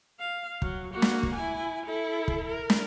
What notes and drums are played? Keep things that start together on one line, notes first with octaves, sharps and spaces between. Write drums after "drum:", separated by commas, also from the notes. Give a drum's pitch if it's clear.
F5
F#3, drum: kick
A#3 F#4
drum: snare
drum: kick
E4 G#5
E4 A4
drum: kick
A#4
drum: snare